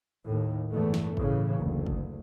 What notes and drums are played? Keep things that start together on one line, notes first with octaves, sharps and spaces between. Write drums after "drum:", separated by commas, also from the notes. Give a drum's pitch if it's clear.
D#2 A2
G1 E2 E3 A3
drum: snare
A2 C#3 E3, drum: kick
F#1 D2
drum: kick